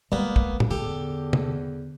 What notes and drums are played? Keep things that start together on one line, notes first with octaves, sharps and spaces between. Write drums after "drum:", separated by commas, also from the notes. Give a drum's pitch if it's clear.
G3 G#3 A#3 B3
drum: kick
drum: tom
E2 D3 G4 A4
drum: tom